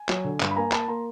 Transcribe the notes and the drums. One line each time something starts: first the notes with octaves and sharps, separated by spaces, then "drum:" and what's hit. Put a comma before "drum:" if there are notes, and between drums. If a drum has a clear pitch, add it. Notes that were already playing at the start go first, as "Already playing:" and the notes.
Already playing: G#5
F#3, drum: clap
D3
G2, drum: clap
B5
A#3 G#5 A#5
A#3 A5 B5, drum: clap
A#3 A#5 C6